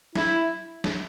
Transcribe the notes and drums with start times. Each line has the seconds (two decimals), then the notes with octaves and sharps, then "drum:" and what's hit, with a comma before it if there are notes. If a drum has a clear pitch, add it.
0.15 E4, drum: snare
0.84 drum: snare